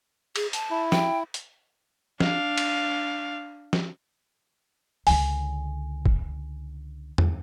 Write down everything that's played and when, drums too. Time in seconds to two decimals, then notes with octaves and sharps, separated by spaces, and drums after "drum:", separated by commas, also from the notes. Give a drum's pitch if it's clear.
0.36 G#4, drum: cymbal
0.53 A5, drum: hi-hat
0.71 E4
0.92 G5, drum: snare
1.34 drum: hi-hat
2.20 D4 F5, drum: snare
2.58 drum: cymbal
3.73 drum: snare
5.07 C#2 D3 G#5, drum: open hi-hat
6.06 drum: kick
7.18 drum: tom